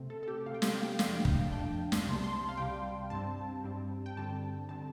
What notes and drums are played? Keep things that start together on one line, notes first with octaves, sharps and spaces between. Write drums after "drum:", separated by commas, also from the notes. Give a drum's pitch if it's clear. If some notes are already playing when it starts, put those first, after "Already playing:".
Already playing: C3 A3 C4
A4
A4
G4
C3 A3 C4 F5
G5
F5, drum: snare
G5
F5
G5
F5
F2 F3 A3 D4 G5, drum: snare
F5
G5
F5, drum: kick
A5
F2 F3 A3 D4 G5
drum: snare
C2 C3 G3 C6
A5
C6
F5
C2 C3 G3 G5
G2 G3 C4 A5
G2 G3 C4
G5
G2 D3 G3 C4 A5
D3 G3 C4 A5